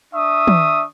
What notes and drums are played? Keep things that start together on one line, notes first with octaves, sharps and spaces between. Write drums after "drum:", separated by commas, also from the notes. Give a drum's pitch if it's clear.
D4 E5 C#6 D#6
drum: tom